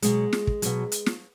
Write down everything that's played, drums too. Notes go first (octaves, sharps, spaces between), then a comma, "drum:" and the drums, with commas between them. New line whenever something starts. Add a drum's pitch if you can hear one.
B2 F#3 G#3, drum: hi-hat
drum: snare
drum: kick
B2 F#3, drum: hi-hat
drum: hi-hat
drum: snare